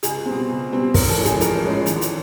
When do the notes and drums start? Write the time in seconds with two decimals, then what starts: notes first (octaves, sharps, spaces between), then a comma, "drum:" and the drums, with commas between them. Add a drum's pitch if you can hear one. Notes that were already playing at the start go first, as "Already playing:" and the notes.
0.03 C#2 G#4, drum: hi-hat
0.26 B2 G3 C4
0.49 C#2
0.72 B2 G3 C4
0.94 A1 A#4, drum: kick, open hi-hat
1.10 A4
1.17 A2 F3 G#3 C#4
1.25 G#4, drum: hi-hat
1.41 A1 A#4, drum: hi-hat
1.63 A2 F3 G#3 C#4
1.86 G#1, drum: hi-hat
2.01 drum: hi-hat